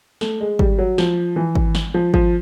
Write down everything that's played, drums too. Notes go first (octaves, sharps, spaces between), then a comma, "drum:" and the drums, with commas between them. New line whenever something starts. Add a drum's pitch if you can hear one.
A3, drum: snare
G#3
G3, drum: kick G#1
F#3
F3, drum: snare
E3
drum: kick G#1
drum: snare
F3
F3, drum: kick G#1